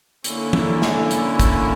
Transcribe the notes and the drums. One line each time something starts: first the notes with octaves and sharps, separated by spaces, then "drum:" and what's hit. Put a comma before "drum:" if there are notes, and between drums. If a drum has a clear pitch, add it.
D3 A#3 C#4 E4, drum: hi-hat
drum: tom E3
drum: snare
drum: hi-hat
drum: kick, hi-hat